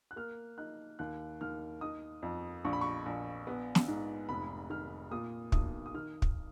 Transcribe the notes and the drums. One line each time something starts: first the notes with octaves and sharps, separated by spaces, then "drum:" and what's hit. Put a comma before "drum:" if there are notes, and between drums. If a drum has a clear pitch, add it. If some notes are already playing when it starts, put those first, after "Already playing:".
F#6
A#3 F6
D#4 F#6
D#2 F#6
D#2 F6
D#4 D#6
F2
A#1 C#6
B5
C#6
A#1
B3
drum: snare
G#2
F1 B5
D#3 F6
A#2 D#6
B1 D#6, drum: kick
D#6
D#3 F6
drum: kick